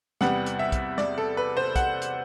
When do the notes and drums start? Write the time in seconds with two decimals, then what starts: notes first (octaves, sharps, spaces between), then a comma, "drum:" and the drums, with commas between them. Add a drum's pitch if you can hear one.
0.21 E2 C3 G3 B3 F#5, drum: snare
0.46 drum: hi-hat
0.59 E5
0.72 drum: kick, hi-hat
0.98 D5, drum: snare
1.18 A4
1.37 B4
1.57 C5
1.76 F#5, drum: kick, hi-hat
2.02 drum: hi-hat